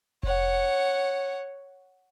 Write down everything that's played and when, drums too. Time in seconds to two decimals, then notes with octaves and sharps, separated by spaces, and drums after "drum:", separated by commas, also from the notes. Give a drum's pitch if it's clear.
0.23 C#5 F#5, drum: kick F1